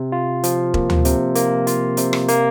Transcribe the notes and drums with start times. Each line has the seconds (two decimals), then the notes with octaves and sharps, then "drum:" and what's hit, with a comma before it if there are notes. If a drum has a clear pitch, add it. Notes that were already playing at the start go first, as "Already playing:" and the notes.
Already playing: C3
0.12 F4
0.44 F3, drum: hi-hat
0.74 A#3, drum: kick E1
0.90 drum: tom D2
1.05 C3, drum: hi-hat
1.35 A#3, drum: hi-hat
1.67 F4, drum: hi-hat
1.97 C3, drum: hi-hat
2.13 drum: rim click
2.28 A#3, drum: hi-hat